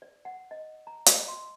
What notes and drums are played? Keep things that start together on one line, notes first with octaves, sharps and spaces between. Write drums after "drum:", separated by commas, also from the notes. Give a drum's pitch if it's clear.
D5
F#5
D#5
A#5
D#5, drum: hi-hat
C6